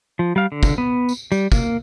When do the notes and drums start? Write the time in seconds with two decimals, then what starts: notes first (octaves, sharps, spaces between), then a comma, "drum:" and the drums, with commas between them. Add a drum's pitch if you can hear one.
0.19 F3
0.36 G3 F5
0.52 D3
0.63 drum: kick, tambourine
0.78 B3
1.09 drum: tambourine
1.32 G3, drum: tambourine
1.52 A#3, drum: kick, tambourine